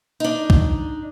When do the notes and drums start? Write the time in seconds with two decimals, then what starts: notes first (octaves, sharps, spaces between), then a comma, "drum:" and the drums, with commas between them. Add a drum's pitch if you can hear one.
0.20 D4 D#4
0.50 drum: kick